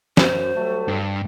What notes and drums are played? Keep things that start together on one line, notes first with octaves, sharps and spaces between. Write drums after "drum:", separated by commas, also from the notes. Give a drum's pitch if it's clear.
F#2 C5, drum: snare
F#3 G3 A3
G2